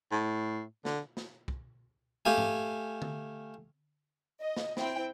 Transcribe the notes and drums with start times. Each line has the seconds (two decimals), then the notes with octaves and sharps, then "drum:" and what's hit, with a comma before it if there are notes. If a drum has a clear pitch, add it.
0.12 A2
0.85 D3, drum: snare
1.17 drum: snare
1.48 drum: kick
2.25 A3 G4 F5 G#5
2.38 drum: tom G#2
3.02 drum: tom D3
4.41 D#5
4.57 drum: snare
4.77 C4 E4 G5, drum: snare